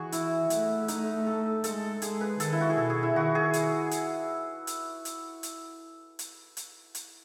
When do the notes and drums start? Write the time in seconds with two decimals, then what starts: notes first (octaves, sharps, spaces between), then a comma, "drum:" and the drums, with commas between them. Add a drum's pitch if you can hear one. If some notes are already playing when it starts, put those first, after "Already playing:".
Already playing: E3 F#4 G#4
0.12 E4, drum: hi-hat
0.50 A3, drum: hi-hat
0.88 D#4, drum: hi-hat
1.27 A4
1.64 G#3 A4, drum: hi-hat
2.02 G#3 G#4, drum: hi-hat
2.21 B4
2.40 D#3 A4, drum: hi-hat
2.52 E4
2.61 F#4
2.70 G#4
2.78 B2 A4
2.90 G#4
3.03 E4
3.15 D#3 F#4
3.35 G#4
3.53 drum: hi-hat
3.91 drum: hi-hat
4.67 drum: hi-hat
5.05 drum: hi-hat
5.43 drum: hi-hat
6.19 drum: hi-hat
6.57 drum: hi-hat
6.95 drum: hi-hat